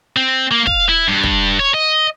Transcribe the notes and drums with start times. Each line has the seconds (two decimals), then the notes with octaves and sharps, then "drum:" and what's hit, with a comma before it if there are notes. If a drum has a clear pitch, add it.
0.16 C4
0.51 A#3
0.67 F5, drum: kick
0.89 E4
1.08 G2
1.23 drum: kick
1.60 C#5
1.74 D#5